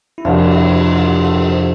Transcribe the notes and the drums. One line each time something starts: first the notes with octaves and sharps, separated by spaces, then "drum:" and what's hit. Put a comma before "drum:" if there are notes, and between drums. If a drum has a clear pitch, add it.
E4
F2 C3 F3 D4, drum: cymbal
E4
F4
F4
G4
A4
C5